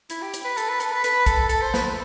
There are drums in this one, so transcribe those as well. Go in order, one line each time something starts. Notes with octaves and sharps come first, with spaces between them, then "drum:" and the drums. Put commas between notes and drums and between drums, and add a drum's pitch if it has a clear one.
E4, drum: hi-hat
G4
drum: hi-hat
B4
A4, drum: hi-hat
B4
A4, drum: hi-hat
B4
B4, drum: hi-hat
A4, drum: kick, hi-hat
A4, drum: hi-hat
C5
B4, drum: snare
A4